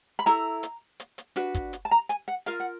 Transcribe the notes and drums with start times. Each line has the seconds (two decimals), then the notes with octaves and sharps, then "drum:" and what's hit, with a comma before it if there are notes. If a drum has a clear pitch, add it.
0.19 B5
0.26 E4 A4 A#5, drum: hi-hat
0.63 drum: hi-hat
1.00 drum: hi-hat
1.18 drum: hi-hat
1.36 D4 F#4 B4, drum: hi-hat
1.55 drum: kick, hi-hat
1.73 drum: hi-hat
1.85 A5
1.91 A#5
2.09 G#5, drum: hi-hat
2.28 F#5
2.46 F4 A#4 F5, drum: hi-hat
2.60 F#5